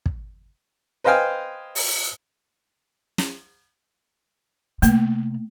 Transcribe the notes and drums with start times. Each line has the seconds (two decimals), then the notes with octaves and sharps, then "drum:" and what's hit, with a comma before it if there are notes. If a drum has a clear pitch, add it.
0.06 drum: kick
1.04 B4 C5 D#5 F5 G5 G#5
1.75 drum: open hi-hat
3.18 drum: snare
4.82 C3 A3 A#3, drum: hi-hat